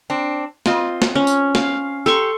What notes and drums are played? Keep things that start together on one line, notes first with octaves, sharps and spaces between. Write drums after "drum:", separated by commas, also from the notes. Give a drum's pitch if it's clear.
C4 D4
C4 F4 D#5, drum: snare
drum: snare
C#4
drum: tambourine
F5, drum: snare
G4 A4 C6 C#6